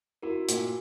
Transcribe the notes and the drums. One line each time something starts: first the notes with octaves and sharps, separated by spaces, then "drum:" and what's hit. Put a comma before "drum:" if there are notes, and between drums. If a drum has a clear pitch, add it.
E4 F#4 A#4
A#2, drum: hi-hat